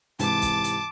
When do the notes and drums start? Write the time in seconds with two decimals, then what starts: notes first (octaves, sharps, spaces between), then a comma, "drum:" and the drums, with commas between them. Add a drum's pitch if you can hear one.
0.19 G#2 C3 E3 A5 D6, drum: hi-hat
0.42 drum: kick, hi-hat
0.64 drum: hi-hat